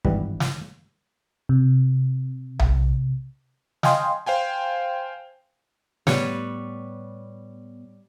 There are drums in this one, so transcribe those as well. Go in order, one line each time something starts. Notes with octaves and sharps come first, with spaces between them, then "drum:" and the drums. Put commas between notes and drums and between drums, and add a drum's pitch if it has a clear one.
G#1 G2 E3 G3 B4, drum: kick
drum: snare
C3
drum: tom B1
D#5 F5 G5 G#5 C6, drum: snare
C5 F5 G5 G#5
A2 G3 B3 B4 C#5, drum: snare